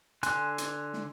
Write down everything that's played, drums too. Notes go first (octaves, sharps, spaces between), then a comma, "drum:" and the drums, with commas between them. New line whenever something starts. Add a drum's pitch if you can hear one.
D3 G#5 C6 F#6, drum: hi-hat
drum: hi-hat
drum: snare